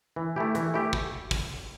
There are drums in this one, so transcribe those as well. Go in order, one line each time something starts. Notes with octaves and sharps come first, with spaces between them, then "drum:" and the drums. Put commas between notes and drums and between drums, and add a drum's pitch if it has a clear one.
E3
A3 E4 G4
E3, drum: hi-hat
A3 E4 G4
drum: kick
drum: kick, open hi-hat